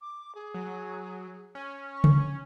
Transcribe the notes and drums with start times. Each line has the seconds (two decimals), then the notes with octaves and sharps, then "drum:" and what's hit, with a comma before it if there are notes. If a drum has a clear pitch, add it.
0.01 D6
0.35 G#4
0.55 F#3
1.55 C#4
1.94 C#6
2.04 drum: tom C#3